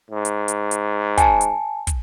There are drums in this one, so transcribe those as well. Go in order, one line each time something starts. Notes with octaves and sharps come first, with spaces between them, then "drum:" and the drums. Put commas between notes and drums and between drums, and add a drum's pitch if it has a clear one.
G#2
drum: hi-hat
drum: hi-hat
drum: hi-hat
G#5 A5, drum: kick, hi-hat
drum: hi-hat
drum: kick, hi-hat